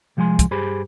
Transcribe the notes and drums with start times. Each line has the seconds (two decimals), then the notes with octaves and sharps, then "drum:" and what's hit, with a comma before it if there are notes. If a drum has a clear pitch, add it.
0.17 C2 F3 G#3 G#5 C6
0.39 drum: kick, hi-hat
0.51 G2 G4 G#4 C5 B5